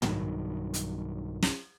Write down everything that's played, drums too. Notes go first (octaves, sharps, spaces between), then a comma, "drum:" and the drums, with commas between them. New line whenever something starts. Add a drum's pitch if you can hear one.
B1 G2 D#3 F#3, drum: tom
drum: hi-hat
drum: snare